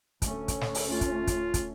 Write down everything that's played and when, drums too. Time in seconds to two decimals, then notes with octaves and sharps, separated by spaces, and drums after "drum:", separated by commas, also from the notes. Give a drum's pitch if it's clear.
0.22 D2 A3 C#4, drum: kick, hi-hat
0.48 drum: kick, hi-hat
0.61 drum: snare
0.75 drum: open hi-hat
0.91 F4
1.01 drum: kick, hi-hat
1.27 drum: kick, hi-hat
1.54 drum: kick, hi-hat